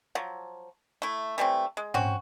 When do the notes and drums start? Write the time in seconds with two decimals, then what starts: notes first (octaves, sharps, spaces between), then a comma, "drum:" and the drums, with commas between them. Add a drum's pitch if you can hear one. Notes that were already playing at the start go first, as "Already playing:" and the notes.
0.15 F3 F#3
1.02 A3 E4
1.38 E3 G3 A3 C4
1.77 G#3
1.94 C4 C#4 F#4, drum: tom G#2